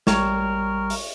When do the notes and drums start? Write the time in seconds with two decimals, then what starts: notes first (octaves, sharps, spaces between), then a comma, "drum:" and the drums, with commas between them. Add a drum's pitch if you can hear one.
0.07 A1 G3 A#4 C#5 G5, drum: snare
0.90 drum: open hi-hat